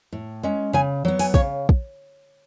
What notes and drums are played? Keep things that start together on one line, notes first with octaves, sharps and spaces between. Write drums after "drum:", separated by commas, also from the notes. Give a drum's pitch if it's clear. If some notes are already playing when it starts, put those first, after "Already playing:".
A2
G#3 C#4
C#3 G#5
F#3 B3
G#5, drum: open hi-hat
C#3 C#5, drum: kick
drum: kick